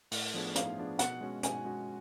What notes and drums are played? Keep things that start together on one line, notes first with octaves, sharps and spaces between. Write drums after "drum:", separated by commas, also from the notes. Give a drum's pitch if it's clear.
A2, drum: open hi-hat
F3 B3 D4 G#4
A2 F5, drum: hi-hat
F3 B3 D4 G#4
B2 F#5, drum: hi-hat
G#3 C#4 F#4
B2 G#5, drum: hi-hat
G#3 C#4 F#4